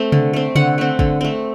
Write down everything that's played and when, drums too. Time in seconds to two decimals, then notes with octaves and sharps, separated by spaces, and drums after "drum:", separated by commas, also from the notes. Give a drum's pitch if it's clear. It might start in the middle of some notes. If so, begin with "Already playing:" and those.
Already playing: A3 C4
0.12 D3, drum: tom C3
0.33 A3 C4
0.55 D3 F#5, drum: tom C3
0.78 A3 C4
0.99 D3, drum: kick
1.21 A3 C4